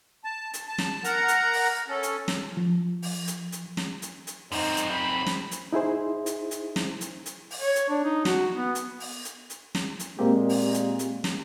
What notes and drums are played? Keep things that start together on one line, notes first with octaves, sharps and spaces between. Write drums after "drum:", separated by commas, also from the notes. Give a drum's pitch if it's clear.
A5
drum: hi-hat
A5
drum: snare
A#4 F#5 A#5, drum: hi-hat
drum: hi-hat
drum: open hi-hat
C#4 A4
drum: hi-hat
drum: snare
F3
drum: open hi-hat
drum: hi-hat
drum: hi-hat
drum: snare
drum: hi-hat
drum: hi-hat
F#2 C4 D#4, drum: open hi-hat
drum: hi-hat
B5
drum: snare
drum: hi-hat
D#4 E4 G#4 C5
drum: hi-hat
drum: hi-hat
drum: snare
drum: hi-hat
drum: hi-hat
drum: open hi-hat
C#5
drum: hi-hat
D4
D#4
F#4, drum: snare
B3
drum: hi-hat
drum: open hi-hat
drum: hi-hat
drum: hi-hat
drum: snare
drum: hi-hat
A#2 G#3 A#3 C4 G4
drum: open hi-hat
drum: hi-hat
drum: hi-hat
drum: snare